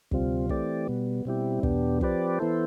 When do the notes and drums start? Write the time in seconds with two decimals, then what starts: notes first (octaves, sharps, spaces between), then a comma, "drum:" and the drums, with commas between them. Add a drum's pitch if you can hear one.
0.11 D2 C3 G3 C4 F4, drum: kick
0.49 E3 A3 C4 G4 D5, drum: kick
0.87 B2 G3 B3
1.25 B2 G3 C4 E4 G4
1.63 E2 B2 B3 D4 G4, drum: kick
2.01 F3 C4 G4 B4 D5, drum: kick
2.39 E3 B3 E4 A4 C5